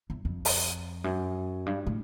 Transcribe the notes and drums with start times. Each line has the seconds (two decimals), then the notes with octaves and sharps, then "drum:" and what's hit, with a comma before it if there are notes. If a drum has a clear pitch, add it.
0.10 E2
0.25 F2
0.45 drum: open hi-hat
1.04 F#2
1.66 G2
1.87 A2